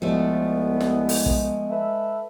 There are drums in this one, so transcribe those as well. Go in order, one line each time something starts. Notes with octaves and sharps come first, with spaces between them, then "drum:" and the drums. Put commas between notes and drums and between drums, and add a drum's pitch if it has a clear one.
C2 F3 G#3 A3 B3
drum: snare
drum: open hi-hat
drum: kick
A4 B4 E5